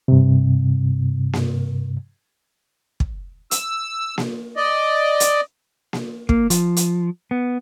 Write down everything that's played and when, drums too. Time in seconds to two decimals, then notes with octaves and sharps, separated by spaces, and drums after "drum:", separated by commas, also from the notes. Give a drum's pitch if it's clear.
0.08 G2 C3
1.33 drum: snare A#3
3.00 drum: kick
3.51 E6, drum: hi-hat
4.18 drum: snare A#3
4.56 D5 D#5
5.20 drum: hi-hat
5.93 drum: snare A#3
6.29 A#3, drum: kick
6.50 F3, drum: hi-hat
6.77 drum: hi-hat
7.31 B3